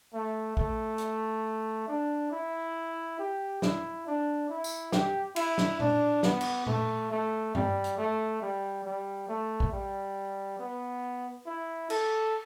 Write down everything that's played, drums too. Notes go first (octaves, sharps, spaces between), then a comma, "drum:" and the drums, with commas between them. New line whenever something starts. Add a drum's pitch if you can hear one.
A3
A3, drum: kick A1
drum: hi-hat
D4
E4
G4
E4, drum: snare
D4
E4
drum: tambourine
G4, drum: snare
E4, drum: cymbal
drum: snare
D4, drum: tom A#2
B3, drum: snare
drum: cymbal
A3, drum: tom A#2
A3
G3, drum: tom G2
drum: hi-hat
A3
G3
G3
A3
drum: kick A1
G3
B3
E4
A4, drum: cymbal